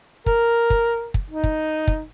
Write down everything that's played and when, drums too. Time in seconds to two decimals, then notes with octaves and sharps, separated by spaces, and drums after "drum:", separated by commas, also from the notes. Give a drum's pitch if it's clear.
0.26 A#4, drum: kick
0.70 drum: kick
1.14 drum: kick
1.30 D#4
1.44 drum: kick
1.88 drum: kick